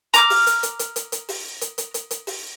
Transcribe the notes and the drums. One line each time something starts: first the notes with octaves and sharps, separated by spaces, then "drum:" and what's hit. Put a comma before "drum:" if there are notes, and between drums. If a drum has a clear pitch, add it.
A#5 D6 F6, drum: hi-hat
drum: open hi-hat
drum: hi-hat
drum: hi-hat
drum: hi-hat
drum: hi-hat
drum: hi-hat
drum: open hi-hat
drum: hi-hat
drum: hi-hat
drum: hi-hat
drum: hi-hat
drum: open hi-hat